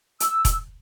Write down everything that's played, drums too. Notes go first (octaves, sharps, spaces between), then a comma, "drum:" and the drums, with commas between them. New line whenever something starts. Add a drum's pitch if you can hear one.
E6, drum: hi-hat
drum: kick E1, hi-hat